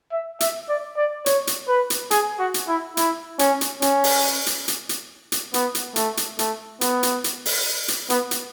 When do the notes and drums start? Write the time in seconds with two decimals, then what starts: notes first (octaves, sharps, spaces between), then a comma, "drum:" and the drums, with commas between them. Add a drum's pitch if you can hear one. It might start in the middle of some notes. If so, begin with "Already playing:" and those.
0.12 E5
0.40 E5, drum: hi-hat
0.69 D5
0.97 D5
1.26 C#5, drum: hi-hat
1.47 drum: hi-hat
1.69 B4
1.90 drum: hi-hat
2.11 G#4, drum: hi-hat
2.39 F#4
2.54 drum: hi-hat
2.68 E4
2.97 E4, drum: hi-hat
3.39 C#4, drum: hi-hat
3.61 drum: hi-hat
3.82 C#4, drum: hi-hat
4.04 drum: open hi-hat
4.46 drum: hi-hat
4.68 drum: hi-hat
4.89 drum: hi-hat
5.32 drum: hi-hat
5.54 B3, drum: hi-hat
5.75 drum: hi-hat
5.96 A3, drum: hi-hat
6.17 drum: hi-hat
6.39 A3, drum: hi-hat
6.81 B3, drum: hi-hat
7.03 drum: hi-hat
7.24 drum: hi-hat
7.46 drum: open hi-hat
7.88 drum: hi-hat
8.10 B3, drum: hi-hat
8.31 drum: hi-hat